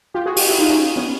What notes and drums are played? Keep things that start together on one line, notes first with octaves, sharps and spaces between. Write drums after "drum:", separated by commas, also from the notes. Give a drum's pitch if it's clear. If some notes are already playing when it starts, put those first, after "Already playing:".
F4 G4
F#4 G#4
F4 G4, drum: open hi-hat
E4 F#4
D#4 F4
C#4 D#4
B3 C#4